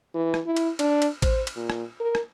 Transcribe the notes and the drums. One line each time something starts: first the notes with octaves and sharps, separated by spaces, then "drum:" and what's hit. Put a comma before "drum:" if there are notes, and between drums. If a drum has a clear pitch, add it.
E3
drum: rim click
E4
drum: cymbal
D4, drum: cymbal
drum: cymbal
C5, drum: kick A1, cymbal
drum: cymbal
A#2
drum: rim click
A#4
drum: rim click